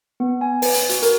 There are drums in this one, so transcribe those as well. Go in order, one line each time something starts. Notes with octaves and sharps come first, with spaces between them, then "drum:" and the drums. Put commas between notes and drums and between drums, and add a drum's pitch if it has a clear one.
B3
G#5
B4, drum: open hi-hat
drum: hi-hat
F#4, drum: hi-hat
A#4, drum: hi-hat